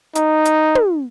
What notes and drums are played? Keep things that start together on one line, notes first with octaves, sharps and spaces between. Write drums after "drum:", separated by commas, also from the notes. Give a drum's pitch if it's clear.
D#4, drum: hi-hat
drum: hi-hat
drum: tom